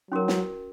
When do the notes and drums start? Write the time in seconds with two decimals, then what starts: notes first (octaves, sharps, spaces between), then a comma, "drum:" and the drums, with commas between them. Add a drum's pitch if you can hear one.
0.11 F#3 C#4 F#4 A#4
0.28 drum: snare